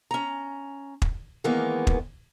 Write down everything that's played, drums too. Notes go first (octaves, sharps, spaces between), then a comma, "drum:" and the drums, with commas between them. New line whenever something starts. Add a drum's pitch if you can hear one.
C#4 A#5
drum: kick
D#3 E3 G#3 A#3 B3
drum: kick